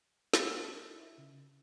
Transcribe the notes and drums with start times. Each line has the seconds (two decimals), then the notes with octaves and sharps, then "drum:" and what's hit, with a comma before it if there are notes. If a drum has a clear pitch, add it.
0.34 C#4, drum: snare
0.42 D#4
0.79 E4
0.88 D#4
0.99 E4
1.18 C#3